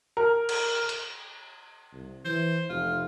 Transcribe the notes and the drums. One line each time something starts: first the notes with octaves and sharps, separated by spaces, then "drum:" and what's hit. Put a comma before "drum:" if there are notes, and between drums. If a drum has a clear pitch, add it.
A#4
drum: cymbal
drum: hi-hat
C2
E3 C5
F1 F4